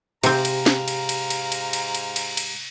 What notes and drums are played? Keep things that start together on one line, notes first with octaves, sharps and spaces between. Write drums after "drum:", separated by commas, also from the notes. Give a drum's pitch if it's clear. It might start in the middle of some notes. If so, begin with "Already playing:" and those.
G#2 C3 C4 G4 F5 A#5, drum: cymbal
drum: cymbal
drum: snare
drum: cymbal
drum: cymbal
drum: cymbal
drum: cymbal
drum: cymbal
drum: cymbal
drum: cymbal
drum: cymbal